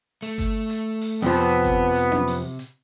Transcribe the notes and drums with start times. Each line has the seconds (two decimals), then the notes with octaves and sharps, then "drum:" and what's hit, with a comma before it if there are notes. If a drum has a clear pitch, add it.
0.22 A3, drum: hi-hat
0.38 drum: kick G1, hi-hat
0.70 drum: hi-hat
1.01 drum: open hi-hat
1.22 F2 C3 F3 B3
1.33 drum: hi-hat
1.49 drum: hi-hat
1.64 drum: kick G1, hi-hat
1.96 drum: hi-hat
2.12 drum: tom C#4
2.27 drum: open hi-hat
2.59 drum: hi-hat